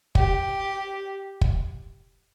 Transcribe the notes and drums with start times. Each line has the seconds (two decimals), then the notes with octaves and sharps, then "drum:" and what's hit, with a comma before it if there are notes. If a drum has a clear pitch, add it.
0.15 G4, drum: kick
1.41 drum: kick